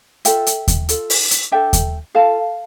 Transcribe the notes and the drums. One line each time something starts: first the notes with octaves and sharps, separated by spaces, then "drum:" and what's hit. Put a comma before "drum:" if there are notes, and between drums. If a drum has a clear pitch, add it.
F4 A4 E5 G5, drum: hi-hat
drum: hi-hat
drum: kick D#2, hi-hat
F4 A4, drum: hi-hat
drum: open hi-hat
drum: hi-hat
D4 A4 E5 G5
drum: kick D#2, hi-hat
F4 A4 F5 A5